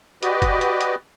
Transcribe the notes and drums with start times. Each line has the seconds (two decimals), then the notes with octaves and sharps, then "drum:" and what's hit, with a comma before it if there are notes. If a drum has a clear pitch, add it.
0.23 F#4 G4 B4 D5 D#5, drum: hi-hat
0.42 drum: kick, hi-hat
0.61 drum: hi-hat
0.81 drum: hi-hat